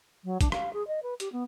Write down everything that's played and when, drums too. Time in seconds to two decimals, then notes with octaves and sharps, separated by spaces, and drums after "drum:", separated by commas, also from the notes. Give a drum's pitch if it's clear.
0.24 F#3
0.41 D4, drum: kick, hi-hat
0.52 F5, drum: rim click
0.73 G#4
0.87 D#5
1.03 B4
1.20 G4, drum: hi-hat
1.32 B3